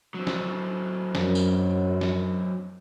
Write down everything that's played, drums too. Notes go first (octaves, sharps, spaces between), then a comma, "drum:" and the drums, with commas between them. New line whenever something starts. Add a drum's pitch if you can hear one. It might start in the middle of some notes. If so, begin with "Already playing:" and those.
F#3 C4
drum: snare
F#2, drum: snare
drum: tambourine
drum: snare